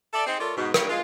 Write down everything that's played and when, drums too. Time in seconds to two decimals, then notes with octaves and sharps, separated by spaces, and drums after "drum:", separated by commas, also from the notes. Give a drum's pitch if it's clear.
0.13 A4 D5 E5
0.26 C4 D#4 G#4
0.40 A3 F4 A4 A#4 C#5 D5
0.57 G#2 B2
0.74 G3 E4 F4 A#4 C#5, drum: rim click
0.89 G#3 F4